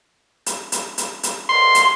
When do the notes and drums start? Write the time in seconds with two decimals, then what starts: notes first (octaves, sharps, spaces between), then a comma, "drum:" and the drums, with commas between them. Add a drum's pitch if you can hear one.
0.46 drum: hi-hat
0.72 drum: hi-hat
0.98 drum: hi-hat
1.23 drum: hi-hat
1.49 C6
1.75 drum: hi-hat